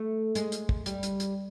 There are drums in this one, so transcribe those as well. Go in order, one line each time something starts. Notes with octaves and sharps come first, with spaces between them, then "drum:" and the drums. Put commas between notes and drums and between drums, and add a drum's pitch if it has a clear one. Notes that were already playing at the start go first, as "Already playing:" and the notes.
Already playing: A3
G#3, drum: hi-hat
drum: hi-hat
drum: kick
G3, drum: hi-hat
drum: hi-hat
drum: hi-hat